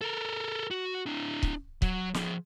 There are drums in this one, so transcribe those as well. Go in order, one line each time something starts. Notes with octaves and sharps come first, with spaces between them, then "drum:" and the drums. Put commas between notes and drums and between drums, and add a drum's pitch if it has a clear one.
A4 A#4
F#4
D4 E4
drum: kick C#1
F#3, drum: kick C#1
F3 G#4, drum: snare